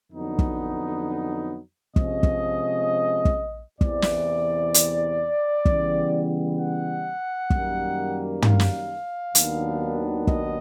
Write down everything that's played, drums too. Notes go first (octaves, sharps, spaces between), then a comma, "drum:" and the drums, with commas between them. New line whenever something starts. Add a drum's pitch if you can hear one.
F2 D3 F#3 B3 D#4
drum: kick
C3 F3 G#3 C#4 D#5, drum: kick
drum: kick
drum: kick
E2 C3 E3 D5, drum: kick
drum: snare
drum: hi-hat
C#3 E3 G3 B3, drum: kick
F#5
F#2 D#3 G3 A#3, drum: kick
F5, drum: tom
drum: snare
D#2 D#3 F#3 B3 D4, drum: hi-hat
D#5, drum: kick